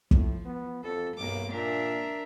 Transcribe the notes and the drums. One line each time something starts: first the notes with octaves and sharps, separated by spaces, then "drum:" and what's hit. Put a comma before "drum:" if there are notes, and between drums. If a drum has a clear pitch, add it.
A2 F3, drum: kick
B3
F2 A4
B1 G2 A#3 D6
A#2 D4 A#4 E5